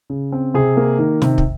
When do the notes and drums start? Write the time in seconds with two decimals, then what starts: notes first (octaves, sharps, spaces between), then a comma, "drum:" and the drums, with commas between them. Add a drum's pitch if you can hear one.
0.10 C#3
0.32 C4
0.54 C3 G#4
0.77 A#3
0.99 D#3
1.22 C3, drum: snare
1.38 drum: kick